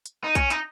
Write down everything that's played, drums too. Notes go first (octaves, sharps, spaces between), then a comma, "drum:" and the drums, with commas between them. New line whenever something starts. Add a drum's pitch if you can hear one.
drum: hi-hat
D#4
C#4, drum: kick B1, hi-hat
D#4, drum: hi-hat